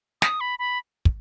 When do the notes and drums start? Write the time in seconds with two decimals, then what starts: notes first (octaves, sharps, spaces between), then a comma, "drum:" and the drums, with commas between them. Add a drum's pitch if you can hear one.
0.22 D#6, drum: snare
0.41 B5
0.59 B5
1.05 drum: kick